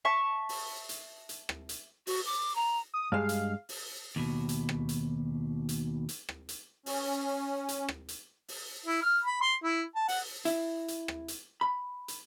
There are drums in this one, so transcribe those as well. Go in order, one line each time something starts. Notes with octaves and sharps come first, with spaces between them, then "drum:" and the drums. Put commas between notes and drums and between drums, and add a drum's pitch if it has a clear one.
E5 A5 C#6
drum: open hi-hat
drum: hi-hat
drum: hi-hat
drum: rim click
drum: hi-hat
F#4, drum: open hi-hat
D6
A#5
D#6
G2 G#3 F5
drum: hi-hat
drum: open hi-hat
D#2 B2
drum: hi-hat
drum: rim click
drum: hi-hat
drum: hi-hat
drum: hi-hat
drum: rim click
drum: hi-hat
C#4, drum: open hi-hat
drum: hi-hat
drum: rim click
drum: hi-hat
drum: open hi-hat
E4
F6
B5
C6
E4
A5
F#5, drum: open hi-hat
E4, drum: hi-hat
drum: hi-hat
drum: rim click
drum: hi-hat
B5
drum: hi-hat